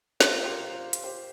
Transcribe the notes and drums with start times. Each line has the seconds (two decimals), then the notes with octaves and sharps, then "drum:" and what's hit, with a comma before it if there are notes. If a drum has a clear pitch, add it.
0.21 F4 C5, drum: snare
0.32 A#4
0.44 G4 C5
0.93 drum: hi-hat
1.04 G4 C5